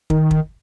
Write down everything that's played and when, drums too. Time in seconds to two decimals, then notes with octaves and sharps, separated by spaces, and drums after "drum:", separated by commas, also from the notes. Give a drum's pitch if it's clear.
0.10 D#3, drum: kick
0.31 drum: kick